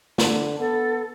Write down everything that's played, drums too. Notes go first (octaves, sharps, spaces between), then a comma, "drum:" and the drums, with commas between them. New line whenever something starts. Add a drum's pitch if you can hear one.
D3, drum: snare
B3 A4